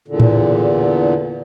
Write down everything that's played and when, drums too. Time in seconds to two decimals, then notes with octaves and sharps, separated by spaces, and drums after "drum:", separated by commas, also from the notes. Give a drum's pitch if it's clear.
0.08 E2 A#2 D3
0.20 drum: tom A2